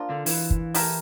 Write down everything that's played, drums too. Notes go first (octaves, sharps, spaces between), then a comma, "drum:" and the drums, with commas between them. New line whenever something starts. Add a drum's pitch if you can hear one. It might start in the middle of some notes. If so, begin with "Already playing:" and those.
Already playing: F3 A#3 D4 F4
D3
E3, drum: open hi-hat
drum: kick
A3 E4 G4 A#4, drum: open hi-hat